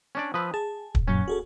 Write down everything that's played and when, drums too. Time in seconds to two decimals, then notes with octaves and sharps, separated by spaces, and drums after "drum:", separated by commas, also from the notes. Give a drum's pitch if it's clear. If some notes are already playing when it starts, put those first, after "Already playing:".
0.15 C#4 D4 D5
0.34 F3 B4 D#6 E6
0.54 G#4 A5
0.95 drum: kick
1.08 F#2 A#2 F#3 C#4
1.28 F#4 G#4 A4